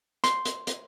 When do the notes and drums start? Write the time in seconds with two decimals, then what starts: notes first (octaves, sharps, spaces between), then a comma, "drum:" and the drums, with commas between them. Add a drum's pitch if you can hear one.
0.24 C6, drum: hi-hat
0.45 drum: hi-hat
0.67 drum: hi-hat